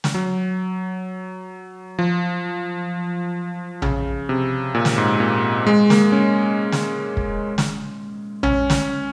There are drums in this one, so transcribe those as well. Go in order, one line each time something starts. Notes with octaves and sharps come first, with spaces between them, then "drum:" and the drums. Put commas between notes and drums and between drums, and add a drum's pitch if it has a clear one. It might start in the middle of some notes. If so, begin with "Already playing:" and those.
drum: snare
F#3
F3
C#3, drum: tom A#1
C3
A#2
drum: snare
G#2
A#2
G#3
A#3, drum: snare
C#4
drum: snare
drum: kick
drum: snare
C#4, drum: tom A#1
drum: snare